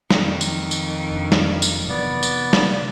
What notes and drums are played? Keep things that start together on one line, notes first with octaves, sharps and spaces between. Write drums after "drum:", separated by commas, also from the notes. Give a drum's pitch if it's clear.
F2 D#3, drum: snare
drum: tambourine
drum: tambourine
F1 D4
drum: snare
drum: tambourine
C3 E3 F#3 B3 D5
drum: tambourine
drum: snare